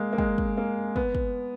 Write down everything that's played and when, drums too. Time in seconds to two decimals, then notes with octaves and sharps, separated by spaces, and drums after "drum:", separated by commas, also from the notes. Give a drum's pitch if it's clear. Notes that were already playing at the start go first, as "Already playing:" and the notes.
Already playing: G#3 A#3
0.13 A#3
0.18 G#3, drum: kick
0.38 drum: kick
0.57 A#3
0.96 B3, drum: kick
1.15 drum: kick